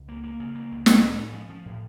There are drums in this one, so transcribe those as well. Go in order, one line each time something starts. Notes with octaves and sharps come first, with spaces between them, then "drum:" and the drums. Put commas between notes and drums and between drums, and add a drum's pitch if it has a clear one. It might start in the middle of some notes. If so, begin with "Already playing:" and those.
Already playing: C#2
A#3
A#3
C#3
A#3
C#2
F3, drum: snare
A2
C#4
F3
F3
A2